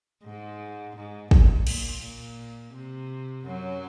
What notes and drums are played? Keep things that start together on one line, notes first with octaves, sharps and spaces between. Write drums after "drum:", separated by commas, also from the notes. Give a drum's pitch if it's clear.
G#2
G#2
A#2, drum: kick
A#2, drum: cymbal
A#2
C3
F#2 F#3